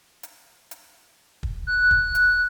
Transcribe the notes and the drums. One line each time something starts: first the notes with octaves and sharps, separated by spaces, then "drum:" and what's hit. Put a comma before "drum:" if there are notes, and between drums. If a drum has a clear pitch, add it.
drum: hi-hat
drum: hi-hat
drum: kick
F#6
drum: kick
drum: hi-hat